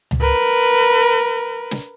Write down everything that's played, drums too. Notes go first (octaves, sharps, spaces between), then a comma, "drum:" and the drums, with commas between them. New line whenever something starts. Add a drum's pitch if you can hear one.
drum: tom C#2
A#4 B4
drum: snare